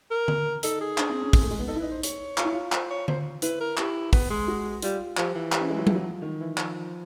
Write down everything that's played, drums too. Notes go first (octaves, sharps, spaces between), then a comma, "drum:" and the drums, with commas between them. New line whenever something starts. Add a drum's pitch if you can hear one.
A#4
drum: tom D3
D#4 A4, drum: hi-hat
G#4
D4, drum: clap
C4
C#4
C4, drum: kick, open hi-hat
A3
G#3
B3
D#4 A4
E4
D#4 B4
C5
C#5, drum: hi-hat
F4, drum: clap
E4
F4
C5, drum: clap
C#5
C5, drum: tom D3
E4 B4, drum: hi-hat
A#4
E4 G4, drum: clap
B3, drum: kick, open hi-hat
G#3
F#4
G3 F4, drum: hi-hat
F3 G4, drum: clap
E3
G4, drum: clap
C#4
G#3
F#3
F3, drum: tom F#3
F#3
F3
D#3
E3
F3, drum: clap